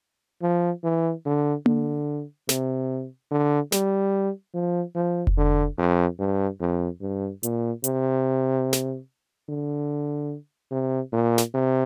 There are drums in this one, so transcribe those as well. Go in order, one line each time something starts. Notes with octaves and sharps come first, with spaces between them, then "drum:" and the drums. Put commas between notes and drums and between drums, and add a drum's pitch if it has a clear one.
F3
E3
D3
D3, drum: tom A#3
C3, drum: snare
D3
G3, drum: snare
F3
F3
drum: kick F1
D3
F2
G2
F2
G2
A#2, drum: hi-hat
C3, drum: hi-hat
drum: snare
D3
C3
A#2
drum: snare
C3